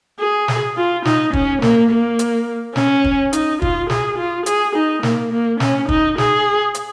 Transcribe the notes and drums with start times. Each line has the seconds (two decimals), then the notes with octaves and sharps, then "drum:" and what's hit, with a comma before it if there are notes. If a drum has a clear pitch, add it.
0.20 G#4
0.48 drum: snare
0.77 F4
1.05 D#4, drum: snare
1.33 C#4, drum: kick
1.62 A#3, drum: snare
1.91 A#3
2.19 drum: hi-hat
2.76 C#4, drum: snare
3.04 drum: kick
3.33 D#4, drum: hi-hat
3.62 F4, drum: kick
3.90 G#4, drum: snare
4.18 F4
4.46 G#4, drum: hi-hat
4.76 D#4
5.03 A#3, drum: snare
5.32 A#3
5.60 C#4, drum: snare
5.89 D#4, drum: kick
6.18 G#4, drum: snare
6.74 drum: hi-hat